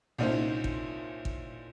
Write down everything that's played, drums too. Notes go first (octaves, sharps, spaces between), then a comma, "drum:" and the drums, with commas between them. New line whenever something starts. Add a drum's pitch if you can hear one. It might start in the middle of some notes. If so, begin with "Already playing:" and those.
C2 A#2 C#4 D#4 C5
drum: kick
drum: kick